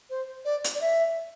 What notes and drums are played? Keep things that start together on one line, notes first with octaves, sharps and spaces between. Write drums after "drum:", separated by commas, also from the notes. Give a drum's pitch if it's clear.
C5
D5
drum: hi-hat
D5
E5